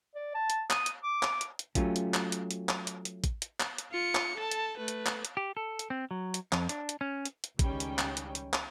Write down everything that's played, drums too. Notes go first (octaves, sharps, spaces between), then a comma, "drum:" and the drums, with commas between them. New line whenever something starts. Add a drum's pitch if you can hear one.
D5
A5
drum: hi-hat
D#6, drum: clap
drum: hi-hat
D6
drum: clap
drum: hi-hat
drum: hi-hat
F#3 A3 C#4 F4 G4, drum: kick A1, hi-hat
drum: hi-hat
drum: clap
drum: hi-hat
drum: hi-hat
drum: clap
drum: hi-hat
drum: hi-hat
drum: kick A1, hi-hat
drum: hi-hat
drum: clap
drum: hi-hat
F4 C#7
drum: clap
A4 A5
drum: hi-hat
A3 B4
drum: hi-hat
drum: clap
drum: hi-hat
G4
A4
drum: hi-hat
C4
F#3
drum: hi-hat
F2, drum: clap
D4, drum: hi-hat
drum: hi-hat
C#4
drum: hi-hat
drum: hi-hat
C#2 D#3 G3 C#4 G5, drum: kick A1, hi-hat
drum: hi-hat
drum: clap
drum: hi-hat
drum: hi-hat
drum: clap